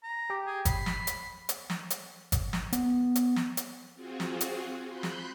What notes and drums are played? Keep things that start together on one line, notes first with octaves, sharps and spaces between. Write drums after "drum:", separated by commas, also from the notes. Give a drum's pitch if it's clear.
A#5
G4
G#4
B5 C7, drum: kick G1, hi-hat
drum: snare
drum: hi-hat
drum: hi-hat
drum: snare
drum: hi-hat
drum: kick G1, hi-hat
drum: snare
B3, drum: hi-hat
drum: hi-hat
drum: snare
drum: hi-hat
C4 F4 F#4 G#4
drum: snare
drum: hi-hat
B5 C6 F#6 G6
drum: snare